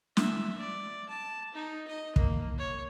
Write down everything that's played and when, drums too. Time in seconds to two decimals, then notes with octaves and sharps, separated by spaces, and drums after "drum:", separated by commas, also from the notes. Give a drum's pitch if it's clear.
0.17 E5, drum: snare
0.58 D5
1.09 A5
1.54 D#4
1.88 D#5
2.16 A#3, drum: kick
2.58 C#5